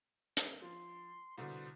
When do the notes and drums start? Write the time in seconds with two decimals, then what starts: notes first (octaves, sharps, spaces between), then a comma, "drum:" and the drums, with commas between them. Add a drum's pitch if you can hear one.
0.37 drum: hi-hat
0.62 F3 C6
1.38 C2 B2 D3 C5